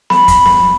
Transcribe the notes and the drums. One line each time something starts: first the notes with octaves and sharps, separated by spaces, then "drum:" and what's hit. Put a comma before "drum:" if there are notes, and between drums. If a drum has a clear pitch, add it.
B5, drum: snare B3
drum: kick, hi-hat
drum: snare B3